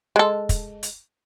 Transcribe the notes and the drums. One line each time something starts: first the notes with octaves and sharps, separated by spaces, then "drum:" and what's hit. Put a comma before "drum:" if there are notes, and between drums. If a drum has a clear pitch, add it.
G#3 A4
drum: kick, hi-hat
drum: hi-hat